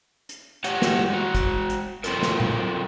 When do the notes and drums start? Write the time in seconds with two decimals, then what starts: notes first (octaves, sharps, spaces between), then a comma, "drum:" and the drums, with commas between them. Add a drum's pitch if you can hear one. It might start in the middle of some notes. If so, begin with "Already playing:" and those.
0.29 drum: hi-hat
0.64 G4 C#5 F#5, drum: hi-hat
0.82 drum: snare
0.99 drum: tom
1.10 G#3 F#4
1.35 drum: kick, hi-hat
1.70 drum: hi-hat
2.04 F#3 C4 F4 A4 A#4, drum: hi-hat
2.22 drum: snare
2.40 drum: tom A#2